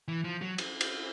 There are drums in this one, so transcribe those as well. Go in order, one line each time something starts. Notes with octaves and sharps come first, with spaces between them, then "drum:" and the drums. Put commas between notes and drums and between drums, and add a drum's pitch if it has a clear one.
E3
F3
F#3
drum: cymbal
drum: cymbal